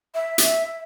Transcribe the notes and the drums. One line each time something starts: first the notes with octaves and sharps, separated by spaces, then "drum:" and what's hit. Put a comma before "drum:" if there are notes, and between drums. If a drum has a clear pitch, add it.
E5
drum: hi-hat